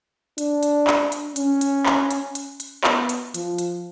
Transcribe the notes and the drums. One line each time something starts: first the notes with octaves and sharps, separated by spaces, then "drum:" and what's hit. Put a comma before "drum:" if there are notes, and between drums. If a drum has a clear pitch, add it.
D4, drum: hi-hat
drum: hi-hat
drum: clap
drum: hi-hat
C#4, drum: hi-hat
drum: hi-hat
drum: clap
drum: hi-hat
drum: hi-hat
drum: hi-hat
B3, drum: clap
drum: hi-hat
F3, drum: hi-hat
drum: hi-hat